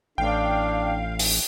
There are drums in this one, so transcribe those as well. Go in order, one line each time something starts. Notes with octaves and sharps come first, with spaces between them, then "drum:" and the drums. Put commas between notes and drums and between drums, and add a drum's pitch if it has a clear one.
A1 D4 F5 G5
drum: open hi-hat